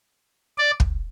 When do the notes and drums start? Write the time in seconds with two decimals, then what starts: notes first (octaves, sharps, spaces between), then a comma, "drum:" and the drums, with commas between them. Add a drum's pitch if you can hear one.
0.58 D5
0.80 drum: kick